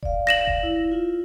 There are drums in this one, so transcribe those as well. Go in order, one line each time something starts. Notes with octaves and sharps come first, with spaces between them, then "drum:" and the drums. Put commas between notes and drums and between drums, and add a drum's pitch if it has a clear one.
D5 F5, drum: kick E1
A#6 E7 F#7
drum: kick E1
E4
F4